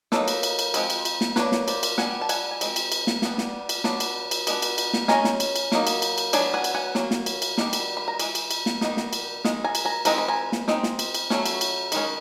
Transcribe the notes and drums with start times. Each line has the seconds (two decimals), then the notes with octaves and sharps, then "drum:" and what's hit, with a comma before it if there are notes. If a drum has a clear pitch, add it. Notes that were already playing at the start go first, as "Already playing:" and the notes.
0.12 F#3 A#3 D#4 A4 B4, drum: snare
0.28 drum: cymbal
0.43 drum: cymbal
0.59 drum: cymbal
0.74 F3 G#3 C4, drum: cymbal
0.90 drum: cymbal
1.05 drum: cymbal
1.21 drum: snare
1.36 F#3 A#3 D4 B4 C#5, drum: snare
1.52 drum: snare
1.68 C5 D5, drum: cymbal
1.83 drum: cymbal
1.98 G3 B3 D4 F#5 G#5, drum: snare
2.21 A5
2.29 F#5 G#5, drum: cymbal
2.51 G#5
2.61 F3 G#3 C4, drum: cymbal
2.76 drum: cymbal
2.92 drum: cymbal
3.07 drum: snare
3.22 G3 B3 D4, drum: snare
3.38 drum: snare
3.69 drum: cymbal
3.84 F#3 B3 D4 A5 B5, drum: snare
4.00 drum: cymbal
4.31 drum: cymbal
4.47 G#3 B3 D4, drum: cymbal
4.62 drum: cymbal
4.78 drum: cymbal
4.93 drum: snare
5.08 G#3 C#4 G#5 A#5, drum: snare
5.24 drum: snare
5.40 drum: cymbal
5.56 drum: cymbal
5.72 F#3 A#3 D#4, drum: snare
5.87 drum: cymbal
6.02 drum: cymbal
6.18 drum: cymbal
6.33 F#3 B3 D4 G#5, drum: cymbal
6.54 F#5 G#5
6.64 drum: cymbal
6.74 F#5 G#5
6.95 F#3 A#3 C#4, drum: snare
7.11 drum: snare
7.26 drum: cymbal
7.42 drum: cymbal
7.58 D#3 G3 B3 D4, drum: snare
7.73 drum: cymbal
7.97 B5
8.08 A#5
8.19 E3 G#3, drum: cymbal
8.35 drum: cymbal
8.51 drum: cymbal
8.66 drum: snare
8.81 D#3 G3 B3 D#4, drum: snare
8.97 drum: snare
9.13 drum: cymbal
9.45 D#3 G#3, drum: snare
9.64 G#5 A#5
9.75 drum: cymbal
9.85 G#5 A#5
10.05 E3 G#3 C4 D#4 A#5, drum: cymbal
10.18 B5
10.28 G#5 A#5
10.52 drum: snare
10.68 G#3 C4 D#4, drum: snare
10.83 drum: snare
10.99 drum: cymbal
11.14 drum: cymbal
11.30 F#3 A3 C#4, drum: snare
11.46 drum: cymbal
11.61 drum: cymbal
11.92 D#3 G#3 C#4, drum: cymbal